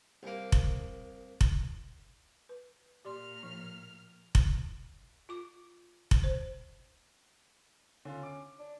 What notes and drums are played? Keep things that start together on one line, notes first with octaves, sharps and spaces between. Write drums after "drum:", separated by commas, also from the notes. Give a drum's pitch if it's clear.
C2 A#3
drum: kick F1
drum: kick F1
B4
A#2 G4 D5 C6 F6
F3
drum: kick F1
F4 D6
drum: kick F1
C5
D3 C#4 F4
D6 D7
D4